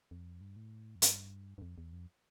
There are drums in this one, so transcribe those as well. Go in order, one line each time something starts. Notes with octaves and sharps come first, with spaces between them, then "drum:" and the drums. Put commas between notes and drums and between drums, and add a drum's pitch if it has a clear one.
F2
G2
A2
F2
G2, drum: hi-hat
G2
F2
E2
F2